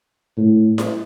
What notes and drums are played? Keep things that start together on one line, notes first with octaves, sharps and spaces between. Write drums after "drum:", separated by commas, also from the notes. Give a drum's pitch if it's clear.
A2
drum: snare E4